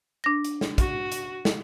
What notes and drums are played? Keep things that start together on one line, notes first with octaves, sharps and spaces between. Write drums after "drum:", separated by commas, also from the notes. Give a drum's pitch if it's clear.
D4 A#6
drum: hi-hat
drum: snare
F#4, drum: kick, hi-hat
drum: hi-hat
drum: snare